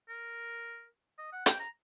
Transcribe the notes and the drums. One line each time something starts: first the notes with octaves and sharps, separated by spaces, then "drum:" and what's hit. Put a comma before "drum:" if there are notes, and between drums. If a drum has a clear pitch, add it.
A#4
D#5
F#5
G5, drum: hi-hat
A#5